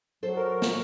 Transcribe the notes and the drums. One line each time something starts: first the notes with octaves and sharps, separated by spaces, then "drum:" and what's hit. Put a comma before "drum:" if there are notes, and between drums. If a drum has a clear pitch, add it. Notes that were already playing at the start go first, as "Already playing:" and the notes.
F#3 A4 C5
A#4
drum: snare